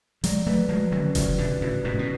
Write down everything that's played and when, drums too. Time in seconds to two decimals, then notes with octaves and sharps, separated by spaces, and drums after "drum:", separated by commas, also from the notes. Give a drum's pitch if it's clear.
0.24 F3 G#3 D5, drum: hi-hat
0.47 F#3 A3 B4
0.69 F3 G#3 F#4
0.92 D3 F#3 C#4
1.15 C#3 F3 D5, drum: kick F1, hi-hat
1.38 B2 D3 B4
1.61 A2 C#3 F#4
1.84 G#2 B2 C#4
1.99 B2